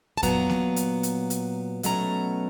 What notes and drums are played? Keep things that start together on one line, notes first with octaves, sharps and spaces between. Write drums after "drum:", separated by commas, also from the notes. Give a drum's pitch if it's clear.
A5
A#2 F#3 B3 A#5, drum: kick F2, hi-hat
drum: snare A#3
drum: hi-hat
drum: hi-hat
drum: hi-hat
B2 F#3 A3 C#4 A#5, drum: hi-hat